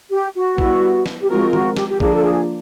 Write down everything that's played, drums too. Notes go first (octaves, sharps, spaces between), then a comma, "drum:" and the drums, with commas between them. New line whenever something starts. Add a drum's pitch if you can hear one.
G4
F#4
G3 B3 E4, drum: kick
drum: snare
G4
F3 G#3 C4 F4 F#4 A#4
F#4, drum: tom D#3
G4, drum: snare
G4
D3 F3 A#3 D4 G#4, drum: kick
A4
G#4